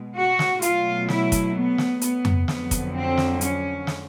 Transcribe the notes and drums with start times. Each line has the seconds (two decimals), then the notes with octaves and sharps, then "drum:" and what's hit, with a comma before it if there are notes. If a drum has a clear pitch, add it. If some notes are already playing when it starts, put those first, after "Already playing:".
Already playing: B2 G#3
0.16 F#4
0.39 drum: snare
0.62 B2 F#3 A3 F4, drum: hi-hat
1.09 E4, drum: snare
1.32 drum: kick, hi-hat
1.55 B3
1.78 drum: snare
2.01 B3, drum: hi-hat
2.25 drum: tom F2
2.48 F2 D3 F#3 B3, drum: snare
2.71 drum: kick, hi-hat
2.94 C4
3.18 drum: snare
3.41 C#4, drum: hi-hat
3.87 drum: snare